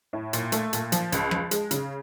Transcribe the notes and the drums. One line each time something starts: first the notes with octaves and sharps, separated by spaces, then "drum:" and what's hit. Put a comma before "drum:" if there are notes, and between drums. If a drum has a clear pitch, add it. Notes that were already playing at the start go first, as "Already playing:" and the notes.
A2
A#2, drum: hi-hat
A3, drum: hi-hat
A#2, drum: hi-hat
F3, drum: hi-hat
C#2, drum: hi-hat
F3, drum: rim click
G#3, drum: hi-hat
C#3, drum: hi-hat